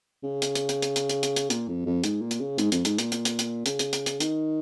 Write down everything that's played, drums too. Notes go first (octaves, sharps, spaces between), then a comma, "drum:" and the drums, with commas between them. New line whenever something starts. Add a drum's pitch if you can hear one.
C#3
drum: hi-hat
drum: hi-hat
drum: hi-hat
drum: hi-hat
drum: hi-hat
drum: hi-hat
drum: hi-hat
drum: hi-hat
A#2, drum: hi-hat
F2
F2
G#2, drum: hi-hat
A#2
drum: hi-hat
C#3
G#2, drum: hi-hat
F2, drum: hi-hat
G#2, drum: hi-hat
A#2, drum: hi-hat
drum: hi-hat
drum: hi-hat
drum: hi-hat
C#3, drum: hi-hat
drum: hi-hat
drum: hi-hat
drum: hi-hat
D#3, drum: hi-hat